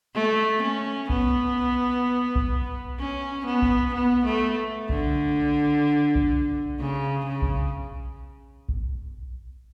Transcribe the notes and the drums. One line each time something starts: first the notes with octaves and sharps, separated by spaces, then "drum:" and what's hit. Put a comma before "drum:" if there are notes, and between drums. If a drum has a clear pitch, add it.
A3
C#4
B3, drum: kick A#1
drum: kick A#1
C#4
B3
drum: kick A#1
B3
A3
D3, drum: kick A#1
drum: kick A#1
C#3
C#3
drum: kick A#1
drum: kick A#1